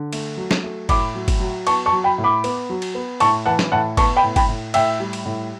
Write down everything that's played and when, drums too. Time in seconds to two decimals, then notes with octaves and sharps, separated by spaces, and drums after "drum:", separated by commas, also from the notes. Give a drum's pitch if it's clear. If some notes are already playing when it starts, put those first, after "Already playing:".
Already playing: D3
0.13 A3, drum: cymbal
0.37 F#3
0.51 drum: snare
0.63 A3
0.89 A2 B5 D6, drum: kick, cymbal
1.15 F#3
1.28 drum: kick, cymbal
1.40 F#3
1.67 B3 A5 C#6, drum: cymbal
1.86 A5 C#6
1.92 F#3
2.04 G5 B5
2.18 A2
2.24 B5 D6
2.44 B3, drum: cymbal
2.70 F#3
2.82 drum: cymbal
2.95 B3
3.20 A2 A5 C#6, drum: cymbal
3.46 E3 F#5 A5
3.59 drum: snare
3.72 A2 F#5 A5
3.97 B3 A5 C#6, drum: kick, cymbal
4.16 G5 B5
4.23 A2
4.36 G5 B5, drum: kick, cymbal
4.49 A2
4.74 A2 E5 G5, drum: cymbal
5.00 G3
5.13 drum: cymbal
5.26 A2